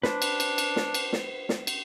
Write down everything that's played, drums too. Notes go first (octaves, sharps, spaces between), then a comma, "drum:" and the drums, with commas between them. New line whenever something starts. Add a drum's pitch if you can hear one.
D4 B4 C5, drum: snare
drum: cymbal
drum: cymbal
drum: cymbal
drum: snare
drum: cymbal
drum: snare
drum: snare
drum: cymbal